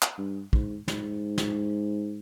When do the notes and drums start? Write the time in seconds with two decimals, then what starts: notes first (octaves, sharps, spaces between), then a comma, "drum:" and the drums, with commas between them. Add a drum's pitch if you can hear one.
0.02 drum: clap
0.18 G2
0.53 G#2, drum: kick
0.88 G#2, drum: snare
1.38 drum: snare